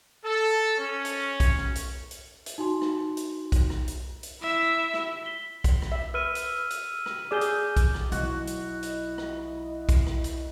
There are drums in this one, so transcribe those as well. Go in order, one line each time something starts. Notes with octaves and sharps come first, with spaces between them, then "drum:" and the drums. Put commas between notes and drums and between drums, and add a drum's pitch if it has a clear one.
A4
C#4
drum: hi-hat
drum: kick B1, hi-hat
drum: rim click
drum: hi-hat
drum: hi-hat
drum: hi-hat
D#4 F#4 G#5 C6
drum: rim click
drum: hi-hat
drum: kick B1, hi-hat
drum: rim click
drum: hi-hat
drum: hi-hat
E4 E5
drum: rim click
B6 G7
drum: kick B1, hi-hat
drum: rim click
E5
B4 E6 F6 D#7
drum: hi-hat
drum: hi-hat
drum: rim click
G#4 D5 D6 G6 G7
drum: hi-hat
drum: kick B1, hi-hat
drum: rim click
B1 E4 F#4 D#5, drum: hi-hat
drum: hi-hat
drum: hi-hat
drum: rim click
drum: kick B1, hi-hat
drum: rim click
drum: hi-hat